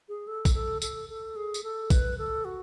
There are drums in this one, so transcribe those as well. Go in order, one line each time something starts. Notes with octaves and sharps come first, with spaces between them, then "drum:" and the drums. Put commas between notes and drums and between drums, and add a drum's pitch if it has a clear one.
G#4
A4
drum: kick, tambourine
A4
A4, drum: tambourine
A4
G#4
drum: tambourine
A4
B4, drum: kick, tambourine
A4
F#4